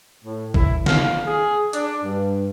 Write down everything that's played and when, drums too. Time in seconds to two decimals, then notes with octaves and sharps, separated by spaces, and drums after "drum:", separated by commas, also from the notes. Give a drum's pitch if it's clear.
0.24 A2
0.54 E4, drum: kick
0.86 F5, drum: snare
1.27 G#4
1.73 D4, drum: hi-hat
2.04 G2